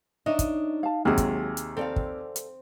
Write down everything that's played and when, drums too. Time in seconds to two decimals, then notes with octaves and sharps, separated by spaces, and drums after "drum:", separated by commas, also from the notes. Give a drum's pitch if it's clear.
0.26 D4 D#4 C#5 D#5 E5
0.39 drum: kick, hi-hat
0.83 F5 A5
1.05 D#2 C3 F#3 G#3 F#4 G#4
1.18 drum: kick, hi-hat
1.57 drum: hi-hat
1.77 C4 A4 D5 F5
1.96 drum: kick
2.36 drum: hi-hat